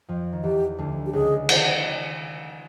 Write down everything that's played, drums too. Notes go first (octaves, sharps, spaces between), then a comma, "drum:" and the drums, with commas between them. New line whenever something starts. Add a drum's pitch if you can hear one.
F2 F3
D#3
E2 E3 G4
D2 D3
G4
C#2 C#3 G#4
D#3, drum: cymbal